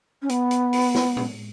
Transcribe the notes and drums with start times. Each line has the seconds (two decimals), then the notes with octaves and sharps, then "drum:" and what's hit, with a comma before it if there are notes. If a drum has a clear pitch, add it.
0.22 C#4
0.29 B3, drum: hi-hat
0.51 drum: hi-hat
0.73 drum: open hi-hat
0.95 drum: snare
1.17 drum: tom